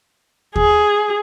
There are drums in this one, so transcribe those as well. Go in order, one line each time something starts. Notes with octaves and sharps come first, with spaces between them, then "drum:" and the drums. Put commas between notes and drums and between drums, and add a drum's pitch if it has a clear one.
G#4, drum: kick D#2